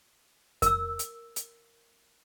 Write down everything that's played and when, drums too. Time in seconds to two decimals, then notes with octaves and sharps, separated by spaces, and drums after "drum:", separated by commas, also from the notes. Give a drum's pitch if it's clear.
0.62 A#4 E6, drum: kick F2, hi-hat
0.99 drum: hi-hat
1.36 drum: hi-hat